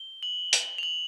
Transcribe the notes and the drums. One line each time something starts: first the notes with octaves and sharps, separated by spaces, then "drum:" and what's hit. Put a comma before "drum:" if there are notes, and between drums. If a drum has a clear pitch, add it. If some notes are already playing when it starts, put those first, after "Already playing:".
Already playing: G7
F#7
drum: hi-hat
F7
F#7